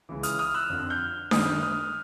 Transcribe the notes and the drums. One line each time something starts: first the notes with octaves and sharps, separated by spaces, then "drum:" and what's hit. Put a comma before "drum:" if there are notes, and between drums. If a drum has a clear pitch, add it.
C#2 C#3 E3
D#6 F6, drum: hi-hat
D#6 F6
E6 F#6
F2 D3
F6 G6
F#2 D#3 D#6 F6, drum: snare D4
D#6 F6